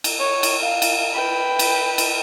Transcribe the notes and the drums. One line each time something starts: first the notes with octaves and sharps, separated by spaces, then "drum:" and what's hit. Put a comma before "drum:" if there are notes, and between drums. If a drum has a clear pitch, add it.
drum: cymbal
C#5
drum: cymbal
F5
drum: cymbal
B4 G5
drum: cymbal
drum: cymbal